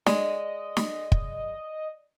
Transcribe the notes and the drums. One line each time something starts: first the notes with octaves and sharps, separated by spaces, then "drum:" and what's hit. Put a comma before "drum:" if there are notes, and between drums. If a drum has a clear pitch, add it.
G#3 D5 D#5, drum: snare
drum: snare
drum: kick